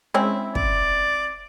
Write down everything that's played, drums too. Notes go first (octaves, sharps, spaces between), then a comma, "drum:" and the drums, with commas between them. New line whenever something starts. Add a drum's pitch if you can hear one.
G#3 C4 C#4 E4
D5, drum: kick